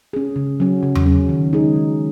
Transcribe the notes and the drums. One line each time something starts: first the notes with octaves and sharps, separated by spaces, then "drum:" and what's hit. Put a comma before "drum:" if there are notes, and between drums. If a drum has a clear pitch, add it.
C#4 G#4
C#3
F#3 C#4
C#3
drum: tom E2
F#3 C#4
D#3
G#3 D#4 G#4
D#3